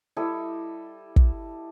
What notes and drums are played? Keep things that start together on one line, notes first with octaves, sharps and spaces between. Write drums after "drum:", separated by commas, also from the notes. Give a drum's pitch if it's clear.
G3 E4 A4 D#5
drum: kick